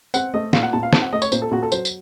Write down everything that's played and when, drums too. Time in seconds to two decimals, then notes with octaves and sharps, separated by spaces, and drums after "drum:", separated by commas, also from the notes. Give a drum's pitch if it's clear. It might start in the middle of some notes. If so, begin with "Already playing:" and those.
0.14 C4 F#5, drum: tambourine
0.34 A3 D#5
0.53 A#2 F5, drum: snare
0.63 F#5
0.73 A#2 A5
0.83 F5
0.93 C4 A5, drum: snare
1.02 F#5
1.13 A3 D#5
1.22 C#5, drum: tambourine
1.32 A#2 C5, drum: tambourine
1.42 A4
1.51 A#2 F#4
1.63 A4
1.72 F#3 C5, drum: tambourine
1.85 drum: tambourine